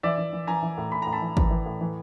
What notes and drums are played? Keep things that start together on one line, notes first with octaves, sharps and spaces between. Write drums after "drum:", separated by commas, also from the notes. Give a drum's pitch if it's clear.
E3 D5 E5
E3
E3
E3 G#5 A#5
E3
A2
A2 B5
A2 A#5
A5 B5
E3
E3, drum: kick
E3
A2
E3